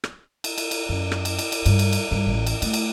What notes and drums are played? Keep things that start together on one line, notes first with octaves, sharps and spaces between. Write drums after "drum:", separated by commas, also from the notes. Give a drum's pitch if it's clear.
drum: rim click
drum: cymbal
drum: cymbal
drum: cymbal
F#2
drum: rim click
drum: cymbal
drum: cymbal
drum: cymbal
G2, drum: cymbal
drum: cymbal
drum: cymbal
G2
A1
drum: cymbal
A3, drum: cymbal
drum: cymbal